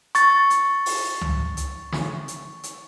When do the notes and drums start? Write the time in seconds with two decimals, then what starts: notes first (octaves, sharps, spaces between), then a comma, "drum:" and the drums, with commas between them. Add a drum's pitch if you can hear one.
0.15 C#6 A6, drum: hi-hat
0.50 drum: hi-hat
0.86 drum: open hi-hat
1.21 drum: tom C#2
1.57 drum: hi-hat
1.92 drum: snare
2.28 drum: hi-hat
2.63 drum: hi-hat